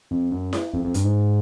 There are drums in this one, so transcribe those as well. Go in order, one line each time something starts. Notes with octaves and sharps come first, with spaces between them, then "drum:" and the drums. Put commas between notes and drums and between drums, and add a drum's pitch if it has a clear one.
F2
F#2
drum: snare E4
F2
F2
G2, drum: hi-hat
G#2